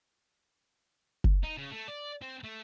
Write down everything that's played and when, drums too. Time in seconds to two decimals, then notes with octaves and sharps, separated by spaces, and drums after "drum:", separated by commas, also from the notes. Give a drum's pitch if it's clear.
1.24 drum: kick F#1
1.43 D#4
1.57 C#3
1.71 A3
1.88 D5
2.22 C4
2.44 A3